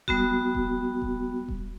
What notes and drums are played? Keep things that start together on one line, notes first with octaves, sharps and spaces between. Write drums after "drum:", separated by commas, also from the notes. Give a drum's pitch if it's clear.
G3 B3 F#4, drum: kick D#1
drum: kick D#1
drum: kick D#1
drum: kick D#1